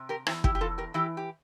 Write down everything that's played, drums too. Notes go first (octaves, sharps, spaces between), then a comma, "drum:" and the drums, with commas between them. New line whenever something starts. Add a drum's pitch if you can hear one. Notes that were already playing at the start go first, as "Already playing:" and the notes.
Already playing: C3
G4 A#4
E2 C4 E4, drum: rim click
E4 G4, drum: kick
G4
E2 F4 A4
G4 A#4
E3 E4 G4
G4